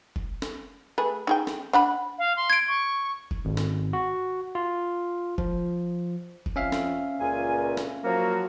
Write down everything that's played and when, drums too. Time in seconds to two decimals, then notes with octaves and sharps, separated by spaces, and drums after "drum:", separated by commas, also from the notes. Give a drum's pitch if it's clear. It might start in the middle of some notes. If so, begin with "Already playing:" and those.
0.16 drum: kick F1
0.42 drum: snare
0.98 A3 G#4 B4
1.27 D#4 G#4 G5
1.47 drum: snare
1.73 D4 F#5 B5
2.18 F5
2.37 C6
2.50 G#6 D7
2.68 C#6
3.31 drum: kick F1
3.45 G#1
3.57 drum: snare
3.93 F#4
4.55 F4
5.38 F3, drum: kick F1
6.46 drum: kick F1
6.56 F2 C#4 E5 F5
6.72 drum: snare
7.20 C#2 A#2 G#5
7.77 drum: snare
8.04 F3 F#3 A#3 F#4